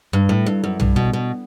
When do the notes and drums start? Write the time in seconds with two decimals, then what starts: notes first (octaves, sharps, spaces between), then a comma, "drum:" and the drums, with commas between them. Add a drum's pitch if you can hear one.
0.13 G2
0.29 A2
0.46 G2
0.64 F#2
0.80 G2, drum: tom B1
0.96 B2
1.13 B2